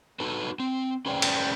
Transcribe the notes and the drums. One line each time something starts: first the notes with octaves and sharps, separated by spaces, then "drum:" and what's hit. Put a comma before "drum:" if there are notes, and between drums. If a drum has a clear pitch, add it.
D#4 F#4 A4 B4
C4
C#4 G#4 B4 C5 D5 G5
drum: cymbal